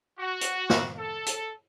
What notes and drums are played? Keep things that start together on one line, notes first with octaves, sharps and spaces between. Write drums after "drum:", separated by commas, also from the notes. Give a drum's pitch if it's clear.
F#4
drum: hi-hat
drum: snare
A4
drum: hi-hat